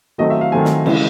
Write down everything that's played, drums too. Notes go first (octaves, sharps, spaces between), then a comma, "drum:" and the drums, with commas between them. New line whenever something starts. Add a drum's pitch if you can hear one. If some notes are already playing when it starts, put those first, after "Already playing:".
D#3 F#3 A3 C4 D#5
E5
F5
D#3 F#3 A3 C4 G#5
drum: snare
C#3 E3 G#3, drum: cymbal